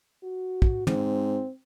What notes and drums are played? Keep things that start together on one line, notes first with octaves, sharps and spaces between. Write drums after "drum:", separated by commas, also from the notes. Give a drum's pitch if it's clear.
F#4
drum: kick
G#2 C4, drum: tom